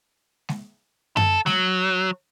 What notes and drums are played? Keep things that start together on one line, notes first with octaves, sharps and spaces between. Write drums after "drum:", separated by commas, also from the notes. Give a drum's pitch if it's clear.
drum: snare G#3
A4, drum: tom F#2
F#3, drum: snare G#3